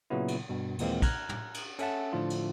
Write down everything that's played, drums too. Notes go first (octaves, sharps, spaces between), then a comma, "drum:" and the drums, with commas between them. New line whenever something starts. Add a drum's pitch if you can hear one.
A#2 C#3 F#3 B3 E4
drum: cymbal
G2 B2
D#2 A#2 E3 G#3 A#3 C4, drum: cymbal
A#5 F6 F#6 G#6, drum: kick, cymbal
drum: tom
drum: cymbal
C#4 A4 E5 F#5 A5, drum: cymbal
A2 D3 F3 D4 F4
drum: cymbal